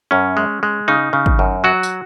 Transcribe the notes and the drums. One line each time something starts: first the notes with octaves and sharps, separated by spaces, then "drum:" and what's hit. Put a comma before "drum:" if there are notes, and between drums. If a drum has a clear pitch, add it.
F#2 C#4
G#3
G#3
C#3 D#4
C#3
drum: kick
F#2
F#3 F#4
drum: tambourine